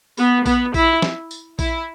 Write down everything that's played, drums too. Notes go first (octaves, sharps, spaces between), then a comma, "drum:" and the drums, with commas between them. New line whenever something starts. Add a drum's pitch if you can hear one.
B3, drum: tambourine
B3, drum: kick A#1, tambourine
E4, drum: kick A#1, tambourine
drum: snare
drum: tambourine
E4, drum: kick A#1, tambourine